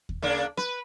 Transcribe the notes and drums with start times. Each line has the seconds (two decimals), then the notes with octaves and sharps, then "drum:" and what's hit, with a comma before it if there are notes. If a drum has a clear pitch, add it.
0.09 drum: kick D#2
0.22 C#3 A#3 D4
0.57 B4, drum: rim click